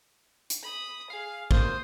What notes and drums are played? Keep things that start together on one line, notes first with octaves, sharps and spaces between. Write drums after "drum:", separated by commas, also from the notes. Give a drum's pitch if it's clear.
drum: hi-hat
B5 D#6
G#4 F5
A#3 C5 D#6, drum: kick